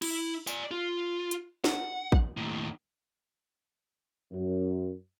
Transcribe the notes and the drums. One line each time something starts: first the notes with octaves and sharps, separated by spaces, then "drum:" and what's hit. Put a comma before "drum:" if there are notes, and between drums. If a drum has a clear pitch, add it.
E4, drum: cymbal
D5 G#5, drum: tambourine
F4
drum: hi-hat
F#5, drum: snare
drum: kick A1
D#2 A2
F#2